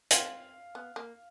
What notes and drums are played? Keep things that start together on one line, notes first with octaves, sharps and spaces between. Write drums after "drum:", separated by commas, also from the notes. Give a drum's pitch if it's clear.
C4 F5, drum: hi-hat
B3
A#3